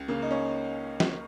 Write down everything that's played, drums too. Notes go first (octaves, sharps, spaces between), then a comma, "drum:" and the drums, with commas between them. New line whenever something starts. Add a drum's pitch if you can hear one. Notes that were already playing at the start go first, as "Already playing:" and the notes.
Already playing: C#2
C#3 A#3
D#4
C#4
drum: snare